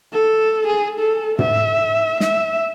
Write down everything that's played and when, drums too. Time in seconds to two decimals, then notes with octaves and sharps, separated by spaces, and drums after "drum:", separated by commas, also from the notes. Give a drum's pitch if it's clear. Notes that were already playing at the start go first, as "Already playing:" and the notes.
0.13 A4
0.67 G#4
0.99 A4
1.39 E5, drum: tom
2.20 E5, drum: snare